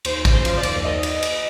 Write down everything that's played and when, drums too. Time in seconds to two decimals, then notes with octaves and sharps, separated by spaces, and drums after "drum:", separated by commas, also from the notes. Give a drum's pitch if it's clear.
0.05 D#2 C5, drum: cymbal
0.25 C#3, drum: kick, cymbal
0.31 C5
0.45 F3, drum: cymbal
0.57 D5
0.63 D#2, drum: cymbal
0.84 D#2 D#5
1.03 drum: cymbal
1.23 drum: cymbal